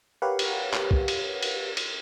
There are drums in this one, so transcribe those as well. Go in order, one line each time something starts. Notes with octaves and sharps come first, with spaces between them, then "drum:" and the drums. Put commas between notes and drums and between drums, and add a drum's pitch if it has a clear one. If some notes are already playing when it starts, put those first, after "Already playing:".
G4 A#4 B4 C#5 F5 F#5
drum: cymbal
drum: clap
drum: kick
drum: cymbal
drum: cymbal
drum: cymbal